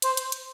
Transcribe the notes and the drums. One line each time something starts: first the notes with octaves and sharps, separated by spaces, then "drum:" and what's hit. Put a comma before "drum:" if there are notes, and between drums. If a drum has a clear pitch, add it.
C5, drum: hi-hat
drum: hi-hat
drum: hi-hat